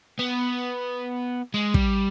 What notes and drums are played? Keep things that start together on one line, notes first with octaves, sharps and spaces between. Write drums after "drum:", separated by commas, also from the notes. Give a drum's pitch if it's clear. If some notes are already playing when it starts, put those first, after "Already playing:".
B3
G#3
G3, drum: kick